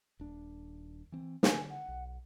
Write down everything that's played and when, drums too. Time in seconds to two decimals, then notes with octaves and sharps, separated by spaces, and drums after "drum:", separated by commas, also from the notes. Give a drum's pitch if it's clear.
0.19 D#1 D4
1.12 E3 C4
1.43 D3 G#5, drum: snare
1.69 F#5
1.88 B1